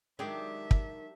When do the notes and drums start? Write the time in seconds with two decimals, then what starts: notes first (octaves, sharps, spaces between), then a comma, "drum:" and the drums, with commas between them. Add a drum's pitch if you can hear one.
0.19 D#3 F#3 G#3 D4 G4 G#4 E5 G5
0.71 drum: kick